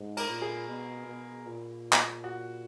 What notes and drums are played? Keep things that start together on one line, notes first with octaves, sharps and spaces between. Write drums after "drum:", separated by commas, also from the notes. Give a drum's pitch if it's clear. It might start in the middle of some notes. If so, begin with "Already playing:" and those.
Already playing: G#2
A#4, drum: cymbal
A#2
G#4
B2
B2
A#2
drum: clap
F#4